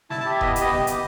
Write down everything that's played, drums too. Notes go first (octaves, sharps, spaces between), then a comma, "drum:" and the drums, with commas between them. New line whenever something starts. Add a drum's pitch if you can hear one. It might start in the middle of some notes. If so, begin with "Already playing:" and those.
E4 A5, drum: snare
G4 A5
E5
B3 D#5, drum: kick E1
G4, drum: hi-hat
D#5
G4, drum: snare
B3, drum: hi-hat